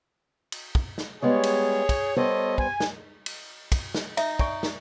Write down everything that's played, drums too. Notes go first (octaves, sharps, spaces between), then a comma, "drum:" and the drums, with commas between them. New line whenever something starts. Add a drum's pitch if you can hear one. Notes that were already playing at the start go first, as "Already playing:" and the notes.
drum: cymbal
drum: kick
drum: snare
G3 G#3 B3 G#4 C#5
drum: cymbal
drum: kick, cymbal
G3 B3 A4 C5 C#5 D#5
G#5, drum: kick
drum: snare
drum: cymbal
drum: kick, cymbal
drum: snare
D#4 E5, drum: cymbal
D5 G#5 C#6, drum: kick
drum: snare